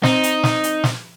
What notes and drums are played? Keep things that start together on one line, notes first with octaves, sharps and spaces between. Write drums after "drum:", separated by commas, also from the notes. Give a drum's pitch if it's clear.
C4 D#4, drum: snare
drum: hi-hat
drum: snare
drum: hi-hat
drum: snare